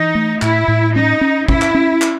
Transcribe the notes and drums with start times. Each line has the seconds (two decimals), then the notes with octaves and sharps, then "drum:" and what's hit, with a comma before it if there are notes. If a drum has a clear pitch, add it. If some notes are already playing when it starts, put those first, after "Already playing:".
Already playing: E3 D#4
0.15 A3
0.42 A2 E4, drum: clap
0.68 A2
0.95 C#4 D#4
1.21 C#4
1.48 C#4 E4, drum: kick
1.62 drum: clap
1.75 C#4
2.02 drum: clap